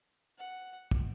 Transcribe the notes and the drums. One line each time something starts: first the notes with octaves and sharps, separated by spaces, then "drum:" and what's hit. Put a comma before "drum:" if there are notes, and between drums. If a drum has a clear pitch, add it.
F#5
drum: kick